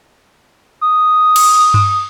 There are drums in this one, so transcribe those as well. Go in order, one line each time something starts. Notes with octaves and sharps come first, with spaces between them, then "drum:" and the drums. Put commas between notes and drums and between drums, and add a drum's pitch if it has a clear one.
D#6
drum: cymbal
drum: tom G2